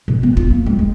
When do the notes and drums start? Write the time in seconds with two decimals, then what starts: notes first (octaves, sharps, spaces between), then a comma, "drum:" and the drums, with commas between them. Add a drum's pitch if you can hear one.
0.08 B2
0.23 B3
0.37 F4, drum: kick
0.50 A#3
0.66 G3
0.79 G#3